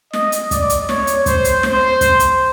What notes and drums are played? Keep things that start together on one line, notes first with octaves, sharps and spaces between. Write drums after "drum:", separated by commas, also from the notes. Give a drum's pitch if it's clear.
D#5, drum: snare
drum: hi-hat
D5, drum: kick, hi-hat
drum: hi-hat
C#5, drum: snare
drum: hi-hat
C5, drum: kick, hi-hat
drum: hi-hat
C5, drum: snare
drum: kick, hi-hat
drum: hi-hat